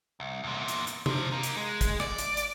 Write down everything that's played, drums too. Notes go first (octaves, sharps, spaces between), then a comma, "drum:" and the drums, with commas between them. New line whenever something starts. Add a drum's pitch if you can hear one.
C2
E2 A#2
drum: hi-hat
drum: hi-hat
C3 F3, drum: tom C3
A#3 D#4
drum: hi-hat
G#3
drum: kick, hi-hat
D5, drum: rim click
drum: hi-hat
drum: hi-hat